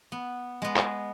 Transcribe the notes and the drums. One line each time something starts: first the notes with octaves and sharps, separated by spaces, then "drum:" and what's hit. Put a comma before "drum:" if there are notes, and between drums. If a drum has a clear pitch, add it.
B3
G#3 B3
drum: clap